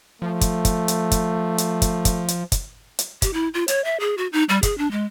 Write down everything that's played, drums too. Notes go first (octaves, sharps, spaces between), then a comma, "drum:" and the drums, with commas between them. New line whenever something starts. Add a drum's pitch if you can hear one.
F3 A3
drum: kick, hi-hat
drum: kick, hi-hat
drum: hi-hat
drum: kick, hi-hat
drum: hi-hat
drum: kick, hi-hat
drum: kick, hi-hat
drum: hi-hat
drum: kick, hi-hat
drum: hi-hat
G4, drum: kick, hi-hat
E4
F4
C#5, drum: hi-hat
E5
G#4
F#4
D#4
G3
G#4, drum: kick, hi-hat
D4
G#3